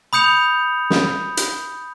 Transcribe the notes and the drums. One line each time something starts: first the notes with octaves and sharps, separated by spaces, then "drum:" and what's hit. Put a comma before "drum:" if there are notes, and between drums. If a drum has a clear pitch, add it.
B5 D#6 G6 C#7 F7
drum: snare
drum: hi-hat